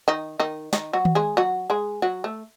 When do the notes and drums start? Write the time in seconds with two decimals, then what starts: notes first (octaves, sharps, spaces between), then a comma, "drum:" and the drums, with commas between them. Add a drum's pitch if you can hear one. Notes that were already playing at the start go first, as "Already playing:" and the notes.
0.08 D#3 D#4
0.40 D#3 D#4
0.73 D#3 D#4, drum: snare
0.93 F#3 F#4
1.05 drum: tom D#3
1.15 G#3 G#4
1.37 F#3 F#4
1.70 G#3 G#4
2.02 F#3 F#4
2.24 A3